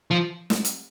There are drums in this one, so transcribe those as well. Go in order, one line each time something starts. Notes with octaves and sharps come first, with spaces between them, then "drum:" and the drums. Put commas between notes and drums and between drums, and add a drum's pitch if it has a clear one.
F3
drum: snare
drum: hi-hat